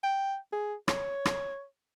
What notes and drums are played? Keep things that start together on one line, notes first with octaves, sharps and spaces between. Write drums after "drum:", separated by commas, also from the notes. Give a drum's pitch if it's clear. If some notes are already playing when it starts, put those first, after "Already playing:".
G5
G#4
C#5, drum: rim click
drum: rim click